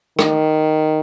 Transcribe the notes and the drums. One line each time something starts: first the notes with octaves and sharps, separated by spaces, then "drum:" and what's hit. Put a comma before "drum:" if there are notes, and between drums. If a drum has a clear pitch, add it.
D#3, drum: rim click